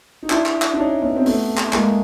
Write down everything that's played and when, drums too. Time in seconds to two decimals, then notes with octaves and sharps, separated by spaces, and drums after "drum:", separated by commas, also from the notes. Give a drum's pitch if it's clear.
0.23 D#4
0.30 D4 E4, drum: clap
0.46 drum: clap
0.62 drum: clap
0.74 D4
0.78 C#4 D#4
1.02 B3 C#4
1.17 C4
1.26 A3 B3, drum: open hi-hat
1.57 drum: clap
1.73 G#3 A#3, drum: clap